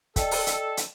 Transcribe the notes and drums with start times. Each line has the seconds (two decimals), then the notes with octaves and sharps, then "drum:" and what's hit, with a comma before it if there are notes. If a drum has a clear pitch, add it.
0.16 A4 D5 D#5 G5, drum: kick, hi-hat
0.31 drum: open hi-hat
0.47 drum: hi-hat
0.77 drum: hi-hat